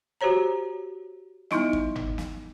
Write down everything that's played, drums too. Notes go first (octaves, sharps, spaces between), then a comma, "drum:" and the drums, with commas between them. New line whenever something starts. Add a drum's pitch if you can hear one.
F#4 G4 C5 C#5 A#5
G3 B3 D#4 E4 D#5, drum: snare
drum: kick
drum: tom G1
drum: snare